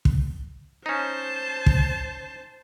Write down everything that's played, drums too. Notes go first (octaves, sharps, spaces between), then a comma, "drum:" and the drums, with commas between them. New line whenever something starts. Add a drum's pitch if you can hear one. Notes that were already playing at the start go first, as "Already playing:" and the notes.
drum: kick
C#4 D#4 C5 A5
drum: kick